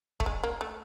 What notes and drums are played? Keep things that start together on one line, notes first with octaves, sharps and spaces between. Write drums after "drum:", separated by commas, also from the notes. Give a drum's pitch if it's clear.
A3, drum: kick
G#3
A#3
A3